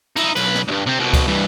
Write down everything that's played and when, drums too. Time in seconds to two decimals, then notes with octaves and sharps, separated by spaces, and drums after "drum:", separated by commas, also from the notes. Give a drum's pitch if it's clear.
0.16 D#4 E4, drum: cymbal
0.36 B1 B4, drum: cymbal
0.55 drum: snare
0.68 D2 G2
0.86 C3 C4
0.99 C2 B2
1.13 drum: kick C#2, cymbal
1.28 G2 E3